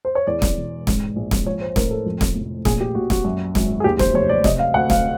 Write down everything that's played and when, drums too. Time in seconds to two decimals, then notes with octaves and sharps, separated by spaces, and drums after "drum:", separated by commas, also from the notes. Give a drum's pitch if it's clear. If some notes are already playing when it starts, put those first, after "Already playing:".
0.05 C5
0.15 C#5
0.27 E2 D5
0.42 drum: snare
0.57 E1
0.87 G#2, drum: snare
1.16 A#1
1.31 drum: snare
1.46 F3 C#5
1.61 C5
1.76 A2 A#4, drum: snare
1.91 A4
2.06 F2
2.21 drum: snare
2.35 F1
2.65 A#2 G#4, drum: snare
2.81 G4
2.95 A#1 F#4
3.10 F#4, drum: snare
3.25 F#2
3.55 G#1, drum: snare
3.80 G#4
3.84 D#2 G4
3.99 C5, drum: snare
4.14 F1 C#5
4.29 D5
4.44 C3 D#5, drum: snare
4.59 F5
4.74 D2 F#5
4.90 F5, drum: snare